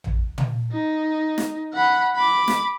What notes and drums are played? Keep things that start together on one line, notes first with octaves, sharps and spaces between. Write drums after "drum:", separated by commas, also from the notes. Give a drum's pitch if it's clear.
drum: tom A1
drum: tom
D#4
drum: snare
F#5 B5
B5 D6
drum: snare